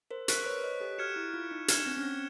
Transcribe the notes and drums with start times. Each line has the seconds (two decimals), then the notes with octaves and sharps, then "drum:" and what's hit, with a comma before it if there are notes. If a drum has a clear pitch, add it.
0.11 A#4 C5
0.28 A#4 C5 C#6 F#6 B6 D7, drum: hi-hat
0.46 B4 C#5
0.64 C#5 D#5
0.80 G4 A4
0.98 F#4 F6 G#6 C#7 E7
1.16 E4
1.34 F4
1.51 D#4
1.68 D4 F6 G#6 C#7 E7 G7, drum: hi-hat
1.86 C4
1.97 C#4
2.03 C4